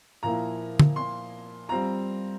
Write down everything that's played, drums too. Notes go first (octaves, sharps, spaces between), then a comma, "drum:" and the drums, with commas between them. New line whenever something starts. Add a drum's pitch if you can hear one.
A#2 F3 A#3 E4 A#5
drum: tom D3
C6
G3 C4 F4 A#5